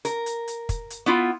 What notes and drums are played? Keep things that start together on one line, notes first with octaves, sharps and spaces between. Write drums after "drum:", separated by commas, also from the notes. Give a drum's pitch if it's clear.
A#4, drum: hi-hat
drum: hi-hat
drum: hi-hat
drum: kick, hi-hat
drum: hi-hat
B3 E4 F4